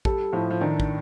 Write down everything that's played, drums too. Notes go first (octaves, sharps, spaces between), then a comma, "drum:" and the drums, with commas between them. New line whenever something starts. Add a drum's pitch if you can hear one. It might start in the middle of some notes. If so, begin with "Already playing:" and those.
G3 A4, drum: kick
A2 F3
F3
D#3 D4
drum: kick